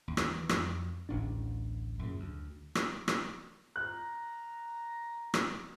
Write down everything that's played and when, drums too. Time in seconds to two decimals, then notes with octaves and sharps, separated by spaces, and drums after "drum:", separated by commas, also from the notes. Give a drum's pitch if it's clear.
0.08 D#2
0.17 drum: rim click
0.27 E3
0.49 F2, drum: rim click
1.09 D1 A1 D4
1.99 F#2 A#2 C#3
2.20 D2
2.75 drum: rim click
3.08 drum: rim click
3.76 A#5 F#6
5.34 drum: rim click